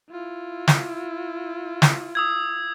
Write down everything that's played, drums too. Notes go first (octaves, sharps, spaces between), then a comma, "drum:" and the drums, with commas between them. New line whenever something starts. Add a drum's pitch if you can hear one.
E4 F4
drum: snare
drum: snare
D#6 E6 G#6